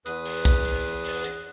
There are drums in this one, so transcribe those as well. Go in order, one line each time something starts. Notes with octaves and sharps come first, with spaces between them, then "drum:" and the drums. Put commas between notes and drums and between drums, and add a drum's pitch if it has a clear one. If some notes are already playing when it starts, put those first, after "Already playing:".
E2 B4 D#6, drum: hi-hat
drum: open hi-hat
drum: kick
drum: open hi-hat
drum: open hi-hat
drum: hi-hat